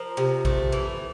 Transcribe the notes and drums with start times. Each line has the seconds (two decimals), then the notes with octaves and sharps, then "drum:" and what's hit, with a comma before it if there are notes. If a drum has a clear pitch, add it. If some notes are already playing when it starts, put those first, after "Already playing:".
Already playing: F3 A#4 C5
0.17 C3
0.45 A3, drum: kick A#1
0.72 E3